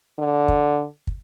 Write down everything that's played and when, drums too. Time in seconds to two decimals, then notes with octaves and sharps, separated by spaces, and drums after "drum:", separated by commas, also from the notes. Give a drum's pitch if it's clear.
0.19 D3
0.48 drum: kick
1.07 drum: kick